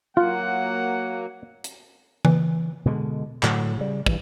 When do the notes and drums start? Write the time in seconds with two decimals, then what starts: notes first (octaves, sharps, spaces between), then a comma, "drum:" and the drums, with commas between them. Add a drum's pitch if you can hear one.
0.17 F#3 A#3 F4 F#5
1.64 drum: hi-hat
2.25 E3, drum: tom C#3
2.85 B2 D3 F3 G#3
3.43 A2 D3 F#3, drum: clap
3.77 C#3 G3
4.06 G2 E3 G3, drum: kick